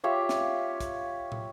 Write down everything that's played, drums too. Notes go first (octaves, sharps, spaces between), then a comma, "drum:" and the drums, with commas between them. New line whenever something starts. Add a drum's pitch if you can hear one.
F4 G4 C#5 E5
drum: snare
drum: kick, hi-hat
drum: tom